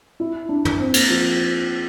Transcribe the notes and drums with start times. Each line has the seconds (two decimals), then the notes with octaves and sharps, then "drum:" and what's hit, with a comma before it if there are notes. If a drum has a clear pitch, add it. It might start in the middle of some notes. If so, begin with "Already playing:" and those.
0.20 E4
0.49 D4
0.65 drum: tom
0.79 C4
0.94 A#3, drum: cymbal
1.09 F3